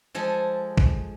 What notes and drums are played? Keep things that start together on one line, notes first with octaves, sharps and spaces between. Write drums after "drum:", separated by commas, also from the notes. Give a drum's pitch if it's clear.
F3 G#3 G#4 A4
drum: kick A#1